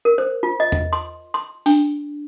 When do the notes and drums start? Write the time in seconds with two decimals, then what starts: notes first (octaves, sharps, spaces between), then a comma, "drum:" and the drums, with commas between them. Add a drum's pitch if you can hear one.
0.05 A#4
0.18 C5
0.43 F4
0.60 D#5
0.72 drum: tom E2
0.93 C6
1.34 C6
1.66 D4, drum: open hi-hat